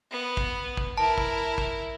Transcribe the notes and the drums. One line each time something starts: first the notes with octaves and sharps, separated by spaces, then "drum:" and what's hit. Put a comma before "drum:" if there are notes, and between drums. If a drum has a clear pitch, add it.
B3
drum: kick
drum: kick
E4 A#4 A5
drum: kick
drum: kick